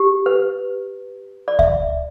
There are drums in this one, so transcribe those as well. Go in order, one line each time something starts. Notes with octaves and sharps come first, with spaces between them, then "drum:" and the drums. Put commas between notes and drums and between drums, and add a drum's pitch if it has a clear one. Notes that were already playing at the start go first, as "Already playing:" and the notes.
Already playing: G4
B4
D5
E5, drum: kick D2